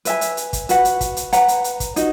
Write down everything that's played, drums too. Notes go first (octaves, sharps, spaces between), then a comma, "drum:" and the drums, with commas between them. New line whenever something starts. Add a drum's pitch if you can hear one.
B4 E5 G#5, drum: hi-hat
drum: hi-hat
drum: hi-hat
drum: kick, hi-hat
F#4 B4 F#5, drum: hi-hat
drum: hi-hat
drum: kick, hi-hat
drum: hi-hat
B4 F#5 A#5, drum: hi-hat
drum: hi-hat
drum: hi-hat
drum: kick, hi-hat
D#4 F#4, drum: hi-hat